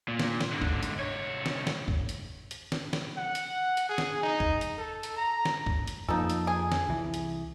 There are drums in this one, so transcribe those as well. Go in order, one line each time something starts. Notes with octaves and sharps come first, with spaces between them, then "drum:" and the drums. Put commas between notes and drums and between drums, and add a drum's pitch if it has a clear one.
A#2
drum: snare
drum: snare
G#2 D3
drum: kick
drum: hi-hat
C2 C#5
drum: snare
drum: snare
drum: kick
drum: hi-hat
drum: hi-hat
drum: snare
drum: snare
F#5
drum: hi-hat
drum: hi-hat
G#4
drum: snare
D#4
drum: kick
drum: hi-hat
A4
drum: hi-hat
A#5
drum: snare
drum: kick
drum: hi-hat
F2 F3 A#3 D#4 A4
drum: hi-hat
G#4
drum: snare
C2 E3
drum: hi-hat